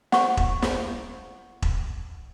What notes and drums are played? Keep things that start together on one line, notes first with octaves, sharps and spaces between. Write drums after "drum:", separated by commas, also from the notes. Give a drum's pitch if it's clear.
F#5 C#6, drum: snare
drum: kick E1
drum: snare
drum: kick E1